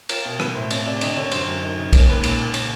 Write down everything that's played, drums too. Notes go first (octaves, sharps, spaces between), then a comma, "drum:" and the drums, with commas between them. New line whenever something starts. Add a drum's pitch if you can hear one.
F4 A#4, drum: cymbal
B2
B3 B4, drum: rim click
A2 C5
C4 C#5, drum: cymbal
C3 D5
D3 D#5, drum: cymbal
D3 C#5
F#2 C5, drum: cymbal
F#2
D#4
C#3
A#3 A#4, drum: kick, cymbal
G#2 B4
A#2, drum: cymbal
A#2
C#3, drum: cymbal